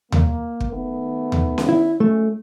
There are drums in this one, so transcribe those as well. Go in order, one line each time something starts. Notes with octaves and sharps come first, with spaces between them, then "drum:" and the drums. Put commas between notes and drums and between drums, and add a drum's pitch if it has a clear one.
A#3, drum: tom D#2
drum: kick
D#3 A3 B3
drum: tom D#2
drum: snare C#4
E4
F#1 G#3 A3 C#4